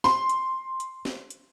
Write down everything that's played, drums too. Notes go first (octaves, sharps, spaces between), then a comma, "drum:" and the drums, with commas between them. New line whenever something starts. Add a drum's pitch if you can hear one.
C6, drum: snare
drum: hi-hat
drum: hi-hat
drum: snare
drum: hi-hat